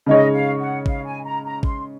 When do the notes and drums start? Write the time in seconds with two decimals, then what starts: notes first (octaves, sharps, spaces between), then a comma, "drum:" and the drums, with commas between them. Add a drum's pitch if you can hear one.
0.06 C#3 G#3 D#4 G#4 C#5 D#5
0.33 F5
0.60 F#5
0.86 F5, drum: kick A1
1.05 G#5
1.24 A#5
1.44 A#5
1.63 C6, drum: kick A1